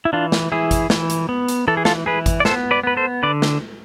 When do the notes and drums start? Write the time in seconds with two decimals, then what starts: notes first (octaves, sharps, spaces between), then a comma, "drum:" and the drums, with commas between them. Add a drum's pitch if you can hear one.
0.05 E4
0.13 E3 D4 F4
0.32 drum: snare
0.52 E3 E4 G#4
0.71 drum: kick, hi-hat
0.90 E3, drum: snare
1.10 drum: hi-hat
1.29 B3
1.48 drum: hi-hat
1.68 E3 A4
1.77 G#4
1.85 F4 A4, drum: snare
2.06 E3 G#4 B4
2.26 drum: kick, hi-hat
2.40 D5
2.45 B3 A4 C5, drum: snare
2.71 B4 D5
2.83 B3 B4
2.97 A4 C5
3.23 D3 B4 D5
3.42 drum: snare